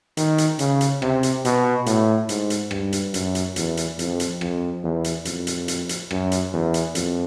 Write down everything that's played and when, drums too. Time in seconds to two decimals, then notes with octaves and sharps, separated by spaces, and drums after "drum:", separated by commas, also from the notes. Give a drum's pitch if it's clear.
0.17 D#3, drum: hi-hat
0.38 drum: hi-hat
0.59 C#3, drum: hi-hat
0.81 drum: hi-hat
1.02 C3, drum: rim click
1.23 drum: hi-hat
1.45 B2, drum: hi-hat
1.86 A2, drum: hi-hat
2.29 G#2, drum: hi-hat
2.50 drum: hi-hat
2.71 G2, drum: rim click
2.93 drum: hi-hat
3.14 F#2, drum: hi-hat
3.35 drum: hi-hat
3.56 E2, drum: hi-hat
3.77 drum: hi-hat
3.99 F2, drum: hi-hat
4.20 drum: hi-hat
4.41 F2, drum: rim click
4.84 E2
5.04 drum: hi-hat
5.25 F2, drum: hi-hat
5.47 drum: hi-hat
5.68 drum: hi-hat
5.89 drum: hi-hat
6.11 F#2, drum: rim click
6.32 drum: hi-hat
6.53 E2
6.74 drum: hi-hat
6.95 F2, drum: hi-hat